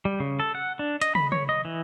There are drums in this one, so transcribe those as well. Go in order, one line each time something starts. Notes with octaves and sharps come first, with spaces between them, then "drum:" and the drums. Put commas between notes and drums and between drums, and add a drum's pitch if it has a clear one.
G3
C#3
A4
F#5
D4
D#5, drum: hi-hat
B5, drum: tom
C#5, drum: tom
D#5
E3